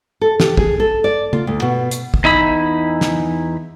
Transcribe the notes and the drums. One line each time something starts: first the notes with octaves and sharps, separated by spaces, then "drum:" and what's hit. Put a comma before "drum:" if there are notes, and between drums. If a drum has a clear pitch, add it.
A4
G4, drum: snare
G#4, drum: kick
A4
D5
F4, drum: tom
D2
B2
drum: hi-hat
drum: kick
E2 D#4 E4 B5
drum: snare